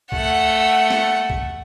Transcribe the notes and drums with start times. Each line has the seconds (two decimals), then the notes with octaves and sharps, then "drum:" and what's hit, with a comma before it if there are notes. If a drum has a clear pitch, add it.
0.12 A3 F#5, drum: kick C2
0.90 drum: snare
1.30 drum: kick C2